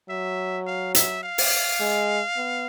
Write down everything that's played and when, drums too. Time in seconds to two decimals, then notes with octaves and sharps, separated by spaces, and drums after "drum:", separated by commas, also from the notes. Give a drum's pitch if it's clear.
0.09 F#3 E5
0.67 F5
0.95 E5, drum: hi-hat
1.23 F5
1.38 drum: open hi-hat
1.80 G#3
2.37 B3